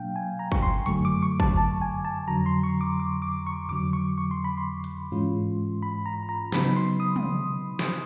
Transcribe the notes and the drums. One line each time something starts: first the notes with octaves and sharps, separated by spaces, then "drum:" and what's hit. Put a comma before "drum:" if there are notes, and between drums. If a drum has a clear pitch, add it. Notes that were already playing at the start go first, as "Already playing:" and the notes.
Already playing: B2 F#3 A#3 D4 F5 G5
G#5
A#5
C#6, drum: kick
C6
F#2 D3 F#3 A3 C#6, drum: hi-hat
D6
C#6
A5, drum: kick
A5
G#5
A5
F2 D3 F#3 A#5
C6
C#6
D6
D6
D6
C#6
F2 D3 F#3 D6
C#6
C#6
C6
B5
C6
drum: hi-hat
G#2 E3 G#3 C#4 F4
B5
A#5
A#5
C#3 F#3 B3 D#4 B5, drum: snare
C6
D#6
drum: tom
drum: snare